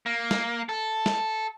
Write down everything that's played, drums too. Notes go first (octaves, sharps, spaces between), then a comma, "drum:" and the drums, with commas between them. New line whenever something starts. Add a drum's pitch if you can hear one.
A#3
drum: snare
A4
drum: snare